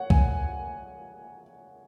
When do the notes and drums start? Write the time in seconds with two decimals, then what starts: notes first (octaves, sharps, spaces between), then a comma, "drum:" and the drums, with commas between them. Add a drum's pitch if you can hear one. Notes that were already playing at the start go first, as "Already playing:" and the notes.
Already playing: C#5 F#5
0.10 G#5, drum: kick